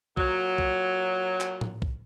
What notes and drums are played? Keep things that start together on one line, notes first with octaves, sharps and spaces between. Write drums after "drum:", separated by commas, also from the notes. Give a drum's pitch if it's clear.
A#2 F#3, drum: kick
drum: kick
drum: clap
drum: tom A2
drum: kick